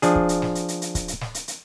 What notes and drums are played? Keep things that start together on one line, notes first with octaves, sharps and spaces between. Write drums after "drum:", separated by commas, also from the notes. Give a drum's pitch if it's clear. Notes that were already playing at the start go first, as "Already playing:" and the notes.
F3 D4 G#4, drum: hi-hat
drum: kick
drum: hi-hat
drum: snare
drum: hi-hat
drum: hi-hat
drum: hi-hat
drum: kick, hi-hat
drum: hi-hat
drum: snare
drum: hi-hat
drum: hi-hat